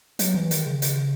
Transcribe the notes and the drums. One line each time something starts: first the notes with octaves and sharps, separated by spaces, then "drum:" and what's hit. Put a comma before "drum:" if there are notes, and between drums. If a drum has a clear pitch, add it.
F#3, drum: hi-hat
E3
D#3, drum: hi-hat
C#3
drum: hi-hat